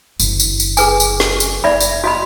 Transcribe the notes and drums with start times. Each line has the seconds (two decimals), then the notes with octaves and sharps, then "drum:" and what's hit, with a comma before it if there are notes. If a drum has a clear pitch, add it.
0.19 F#1 D3, drum: tambourine
0.40 drum: tambourine
0.60 drum: tambourine
0.77 G#4 B4 G#5, drum: tambourine
1.00 drum: tambourine
1.20 drum: snare
1.40 drum: tambourine
1.64 F#2 D5 E5 B5
1.80 drum: tambourine
2.04 F#4 D#5 B5